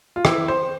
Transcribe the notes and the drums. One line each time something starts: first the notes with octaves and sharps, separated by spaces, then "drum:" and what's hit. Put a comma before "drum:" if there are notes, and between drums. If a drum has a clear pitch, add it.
F4
E4, drum: rim click
C5